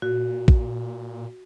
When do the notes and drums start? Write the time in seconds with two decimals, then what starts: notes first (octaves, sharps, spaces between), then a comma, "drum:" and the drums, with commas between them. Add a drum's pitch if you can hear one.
0.02 A#2 F#4
0.48 drum: kick